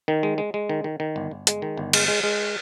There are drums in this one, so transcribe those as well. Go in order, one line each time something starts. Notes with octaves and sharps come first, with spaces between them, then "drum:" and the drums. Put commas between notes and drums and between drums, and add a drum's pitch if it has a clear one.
D#3
G#3
G#3
G#3
D#3
D#3
D#3
G1
G1
G#3, drum: hi-hat
D#3
G1
G#3, drum: cymbal
G#3
G#3